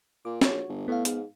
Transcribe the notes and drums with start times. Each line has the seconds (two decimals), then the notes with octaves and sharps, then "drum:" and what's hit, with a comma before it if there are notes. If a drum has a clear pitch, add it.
0.25 A#2 D6
0.41 A#1 F#4 C#5, drum: snare
0.69 G1
0.88 A2 B3 F5
1.05 G#2, drum: hi-hat